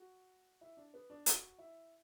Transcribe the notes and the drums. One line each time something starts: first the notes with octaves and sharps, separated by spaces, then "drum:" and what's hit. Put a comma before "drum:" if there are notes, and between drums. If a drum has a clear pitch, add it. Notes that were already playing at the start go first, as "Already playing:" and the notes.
Already playing: F#4
E4
D4
B3
D4
F#4, drum: hi-hat
E4